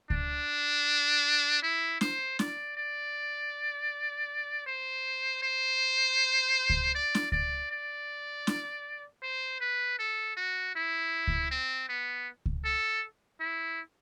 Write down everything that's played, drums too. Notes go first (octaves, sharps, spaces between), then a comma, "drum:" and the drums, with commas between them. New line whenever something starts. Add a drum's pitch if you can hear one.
D4, drum: kick C#2
E4
C5, drum: snare
D5, drum: snare
D5
C5
C5
drum: kick C#2
D5
drum: snare
D5, drum: kick C#2
D5
drum: snare
C5
B4
A4
F#4
E4
drum: kick C#2
C4
B3
drum: kick C#2
A4
E4